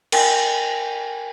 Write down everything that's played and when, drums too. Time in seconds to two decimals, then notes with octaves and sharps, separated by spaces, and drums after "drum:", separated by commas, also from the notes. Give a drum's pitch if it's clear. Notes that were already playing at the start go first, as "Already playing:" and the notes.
0.12 A#4 G5 G#5, drum: cymbal